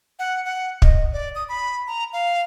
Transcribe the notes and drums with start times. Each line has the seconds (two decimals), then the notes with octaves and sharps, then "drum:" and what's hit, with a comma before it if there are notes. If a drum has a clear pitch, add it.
0.19 F#5
0.45 F#5
0.82 D#5, drum: kick
1.12 D5
1.35 D#6
1.49 B5
1.87 A#5
2.13 F5